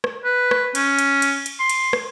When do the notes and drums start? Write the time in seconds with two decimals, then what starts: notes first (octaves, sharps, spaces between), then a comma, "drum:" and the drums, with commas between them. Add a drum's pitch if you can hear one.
0.04 drum: rim click
0.25 B4
0.51 drum: rim click
0.75 C#4, drum: cymbal
0.99 drum: cymbal
1.22 drum: cymbal
1.46 drum: cymbal
1.59 C6
1.69 drum: cymbal
1.93 drum: rim click